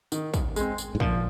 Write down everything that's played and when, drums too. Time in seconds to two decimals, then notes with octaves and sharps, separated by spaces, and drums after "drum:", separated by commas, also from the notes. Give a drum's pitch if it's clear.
0.12 D#3, drum: tambourine
0.34 drum: kick, tambourine
0.56 G#3 C4, drum: tambourine
0.78 drum: tambourine
0.95 G#2
1.00 A#2 F3, drum: kick